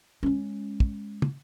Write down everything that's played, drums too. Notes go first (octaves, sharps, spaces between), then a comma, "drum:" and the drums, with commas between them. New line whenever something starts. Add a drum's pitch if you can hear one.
G#3 C#4
drum: kick
drum: tom